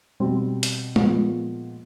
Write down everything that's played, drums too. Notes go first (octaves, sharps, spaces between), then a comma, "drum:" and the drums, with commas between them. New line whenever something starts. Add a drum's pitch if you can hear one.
B2 G3 C4
drum: hi-hat
A#2 F3 G#3 B3, drum: tom